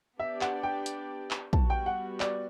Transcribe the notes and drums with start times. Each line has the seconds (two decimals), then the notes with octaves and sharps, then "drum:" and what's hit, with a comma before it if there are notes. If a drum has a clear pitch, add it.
0.19 B3 D4 G4 D5 E5
0.41 F#5, drum: clap
0.63 G5
0.86 drum: hi-hat
1.31 drum: clap
1.53 G3 B3 F#4 A5, drum: kick
1.70 G5
1.86 F#5
2.20 D5, drum: clap